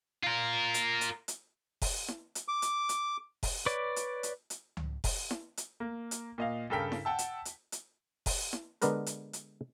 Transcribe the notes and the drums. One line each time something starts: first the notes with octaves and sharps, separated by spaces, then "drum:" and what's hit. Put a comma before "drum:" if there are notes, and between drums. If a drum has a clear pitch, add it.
F4 A#4
drum: hi-hat
drum: hi-hat
drum: hi-hat
drum: kick F1, open hi-hat
drum: snare E4
drum: hi-hat
D6
drum: hi-hat
drum: hi-hat
drum: kick F1, open hi-hat
B4 C#5 D5 D6
drum: hi-hat
drum: hi-hat
drum: hi-hat
drum: tom C#2
drum: kick F1, open hi-hat
drum: snare E4
drum: hi-hat
A#3
drum: hi-hat
A#2 D#5 F5
G2 C#3 A4 A#4 G5 B6
drum: snare E4
F#5 G5 A5 E6
drum: hi-hat
drum: hi-hat
drum: hi-hat
drum: kick F1, open hi-hat
drum: snare E4
D3 G#3 B3 D4 A#4 B4, drum: hi-hat
drum: hi-hat
drum: hi-hat